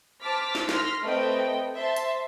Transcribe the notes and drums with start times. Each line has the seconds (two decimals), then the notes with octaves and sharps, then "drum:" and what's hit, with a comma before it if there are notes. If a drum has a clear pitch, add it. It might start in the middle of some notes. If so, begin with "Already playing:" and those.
0.21 C5 A5 D6 F6 B6
0.55 drum: snare
0.69 C6 F6 A#6 B6, drum: snare
1.03 A3 C4 B4 D#5 G5
1.76 C5 E5 A5 C6
1.96 drum: hi-hat